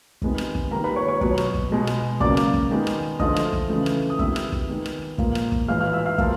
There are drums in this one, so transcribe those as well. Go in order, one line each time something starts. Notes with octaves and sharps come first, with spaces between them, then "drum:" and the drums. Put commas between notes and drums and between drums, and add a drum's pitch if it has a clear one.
C3 D#3 G#3 B3, drum: kick
drum: rim click
drum: kick
D#3 G3 A#3 A#4 A#5
B4 B5
C#5 C#6
C#5 C#6
B2 F#3 B3 C#5 C#6, drum: kick
drum: rim click
drum: kick
B2 G#3 B3
drum: rim click
C#3 F#3 A#3 D5 D6, drum: kick
drum: rim click
drum: kick
D#3 G#3 B3
drum: rim click
D3 F3 A3 D#5 D#6, drum: kick
drum: rim click
drum: kick
C#3 E3 A3
drum: rim click
D#6
C3 D#3 G3 B3 E5 E6, drum: kick
drum: rim click
drum: kick
D#3 G#3 B3
drum: rim click
A#2 F3 A#3, drum: kick
drum: rim click
drum: kick
A2 E3 G#3 F5 F6
F5 F6
E5 E6
F5 F6
F3 A#3, drum: kick